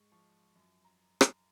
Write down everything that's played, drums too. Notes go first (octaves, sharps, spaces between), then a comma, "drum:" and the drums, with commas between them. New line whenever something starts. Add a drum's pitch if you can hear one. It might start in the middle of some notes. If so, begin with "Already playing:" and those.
Already playing: G#2 C#6
F3 C#6
F#2
A#5
drum: rim click